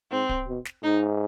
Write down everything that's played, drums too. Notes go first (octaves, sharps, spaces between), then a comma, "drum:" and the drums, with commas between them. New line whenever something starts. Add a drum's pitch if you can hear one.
G#2 C4
drum: kick D1
B2
drum: snare
G#2 D#4